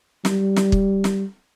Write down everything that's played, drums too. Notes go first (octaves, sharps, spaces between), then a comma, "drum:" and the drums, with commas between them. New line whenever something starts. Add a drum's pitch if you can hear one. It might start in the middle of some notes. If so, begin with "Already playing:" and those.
G3, drum: snare
drum: snare
drum: kick
drum: snare